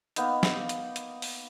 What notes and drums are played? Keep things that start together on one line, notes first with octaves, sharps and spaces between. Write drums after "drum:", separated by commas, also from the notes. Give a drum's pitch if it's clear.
A#3 B3 D#4, drum: hi-hat
drum: snare
drum: hi-hat
drum: hi-hat
drum: open hi-hat